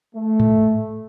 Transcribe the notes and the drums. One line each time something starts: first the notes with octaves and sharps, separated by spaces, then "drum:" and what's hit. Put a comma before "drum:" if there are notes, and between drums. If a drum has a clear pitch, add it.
A3
drum: tom G#2